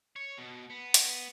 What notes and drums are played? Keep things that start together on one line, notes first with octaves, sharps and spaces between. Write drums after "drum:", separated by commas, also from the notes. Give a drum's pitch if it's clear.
C#5
B2
B3
drum: hi-hat